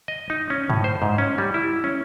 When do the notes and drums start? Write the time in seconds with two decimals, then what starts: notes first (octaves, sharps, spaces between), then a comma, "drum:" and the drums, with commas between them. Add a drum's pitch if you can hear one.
0.08 D#5
0.30 D#4
0.50 C#4
0.70 A2, drum: tom
0.84 C5
1.02 G#2
1.18 C#4
1.38 G3
1.54 E4
1.84 C#4